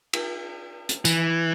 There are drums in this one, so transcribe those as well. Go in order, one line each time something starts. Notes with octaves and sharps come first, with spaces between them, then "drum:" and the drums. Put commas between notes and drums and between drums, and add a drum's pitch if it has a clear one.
drum: cymbal
drum: hi-hat
E3, drum: tambourine